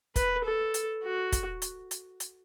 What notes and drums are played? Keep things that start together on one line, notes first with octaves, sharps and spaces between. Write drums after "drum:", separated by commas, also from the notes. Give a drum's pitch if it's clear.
B4, drum: kick, hi-hat
A4
drum: hi-hat
F#4
drum: kick, hi-hat
drum: hi-hat
drum: hi-hat
drum: hi-hat